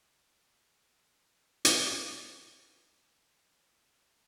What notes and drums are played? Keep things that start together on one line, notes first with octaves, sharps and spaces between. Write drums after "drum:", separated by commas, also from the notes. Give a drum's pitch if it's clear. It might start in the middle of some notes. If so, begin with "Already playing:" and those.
Already playing: G3
F2 C#3 F3 A#3 C#4
drum: hi-hat
G5
F2 C#3 E3 G3 G#5
A5
A#5
B5
A#5
B5
A#5
A2 E3 A3 C4 A5